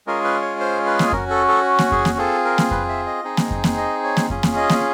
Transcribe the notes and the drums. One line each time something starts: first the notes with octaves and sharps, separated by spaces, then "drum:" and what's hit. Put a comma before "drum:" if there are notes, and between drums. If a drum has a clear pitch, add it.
G#3 C#4 F4 G#4 A#4
B4
C#5
C5
B4
drum: snare A#3
C#4 F#4 A#4, drum: kick F2
A4
A4
drum: snare A#3
G#4, drum: kick F2
drum: snare A#3
C4 F4 G#4 A4
A#4
drum: snare A#3
B4, drum: kick F2
E5
D#5
C4 D#4 G#4
drum: snare A#3
drum: kick F2
drum: snare A#3
D#5
C#5
drum: snare A#3
C#4 F4 G#4, drum: kick F2
drum: snare A#3
D#5
drum: snare A#3